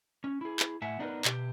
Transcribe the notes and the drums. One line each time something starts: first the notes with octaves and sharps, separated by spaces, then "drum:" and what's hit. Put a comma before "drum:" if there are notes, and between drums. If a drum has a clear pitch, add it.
C#4
E4 G#4
drum: clap
A2 E5 F#5 G#5
B3 D4 D#4 F#4 A#4 B4
B2 G4, drum: clap